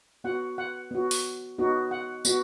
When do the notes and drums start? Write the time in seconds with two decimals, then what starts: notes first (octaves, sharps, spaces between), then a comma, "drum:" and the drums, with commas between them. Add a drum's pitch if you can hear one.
0.24 B3 F#4 F#5
0.58 F#5
0.91 B3 F#4
1.11 drum: open hi-hat
1.58 B3 D#4 F#4
1.91 F#5
2.25 B3 F#4, drum: tambourine